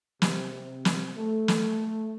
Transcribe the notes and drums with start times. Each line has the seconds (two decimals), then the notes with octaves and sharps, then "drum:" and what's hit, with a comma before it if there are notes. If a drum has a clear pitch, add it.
0.22 C3, drum: snare
0.54 C3
0.85 drum: snare
1.17 A3
1.48 drum: snare